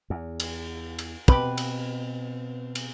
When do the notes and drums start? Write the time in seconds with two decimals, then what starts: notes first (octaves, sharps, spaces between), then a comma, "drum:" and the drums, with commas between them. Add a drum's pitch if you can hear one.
0.10 E2
0.40 drum: cymbal
0.99 drum: cymbal
1.28 B2 C4 G4 B4, drum: kick
1.58 drum: cymbal
2.75 drum: cymbal